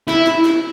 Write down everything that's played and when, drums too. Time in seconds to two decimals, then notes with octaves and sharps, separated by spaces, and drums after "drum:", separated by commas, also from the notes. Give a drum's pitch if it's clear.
0.09 E4, drum: snare
0.27 drum: snare
0.45 drum: snare